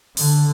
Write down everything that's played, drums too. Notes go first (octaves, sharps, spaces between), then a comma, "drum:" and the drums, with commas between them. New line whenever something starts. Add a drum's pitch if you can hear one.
D3, drum: open hi-hat